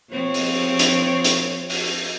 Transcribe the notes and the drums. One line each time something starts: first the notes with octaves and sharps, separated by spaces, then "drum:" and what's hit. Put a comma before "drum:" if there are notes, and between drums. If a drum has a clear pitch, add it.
F3 C4 C#5
drum: open hi-hat
drum: hi-hat
drum: hi-hat
drum: open hi-hat